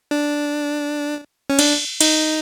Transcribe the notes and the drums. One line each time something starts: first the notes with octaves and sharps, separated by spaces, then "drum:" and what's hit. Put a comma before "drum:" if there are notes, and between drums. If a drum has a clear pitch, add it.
D4
C#4
D4, drum: cymbal
D#4, drum: cymbal